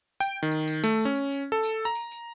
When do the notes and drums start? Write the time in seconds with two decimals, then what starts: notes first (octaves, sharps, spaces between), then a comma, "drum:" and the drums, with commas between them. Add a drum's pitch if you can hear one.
0.20 G5, drum: tambourine
0.43 D#3
0.52 drum: tambourine
0.68 drum: tambourine
0.84 A3, drum: tambourine
1.05 C#4
1.15 drum: tambourine
1.31 drum: tambourine
1.52 A4
1.63 drum: tambourine
1.85 A#5
1.95 drum: tambourine
2.11 drum: tambourine